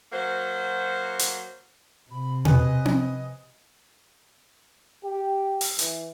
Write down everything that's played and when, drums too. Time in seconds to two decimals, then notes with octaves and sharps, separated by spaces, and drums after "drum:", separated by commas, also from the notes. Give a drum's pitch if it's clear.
0.13 F#3 A#3 F#4 C5
1.19 drum: hi-hat
2.11 C3 B5
2.45 B4 D#5 G#5, drum: tom B2
2.85 drum: tom C4
5.03 G4
5.61 drum: open hi-hat
5.79 E3, drum: hi-hat